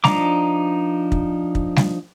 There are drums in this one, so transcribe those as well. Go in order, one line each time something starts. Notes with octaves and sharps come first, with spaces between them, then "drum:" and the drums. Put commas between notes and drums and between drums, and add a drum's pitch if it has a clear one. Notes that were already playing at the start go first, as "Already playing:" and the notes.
F3 D4 D#4 A#5 D6, drum: snare G3
drum: kick
drum: kick
drum: snare G3